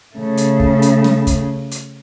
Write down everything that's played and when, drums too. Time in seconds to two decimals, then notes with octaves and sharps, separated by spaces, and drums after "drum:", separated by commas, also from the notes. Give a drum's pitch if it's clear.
0.15 C#3 A3
0.37 drum: hi-hat
0.60 drum: kick
0.82 drum: hi-hat
1.04 drum: snare
1.27 drum: kick, hi-hat
1.71 drum: hi-hat